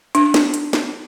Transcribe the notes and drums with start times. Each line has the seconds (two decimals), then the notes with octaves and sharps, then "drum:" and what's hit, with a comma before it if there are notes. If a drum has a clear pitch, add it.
0.15 D4, drum: hi-hat
0.34 drum: snare
0.54 drum: hi-hat
0.73 drum: snare